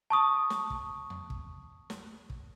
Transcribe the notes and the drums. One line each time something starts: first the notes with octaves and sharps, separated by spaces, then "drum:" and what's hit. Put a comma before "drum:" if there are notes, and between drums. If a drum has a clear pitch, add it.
A5 C#6 D#6
drum: snare
drum: kick
drum: tom E2
drum: kick
drum: snare
drum: kick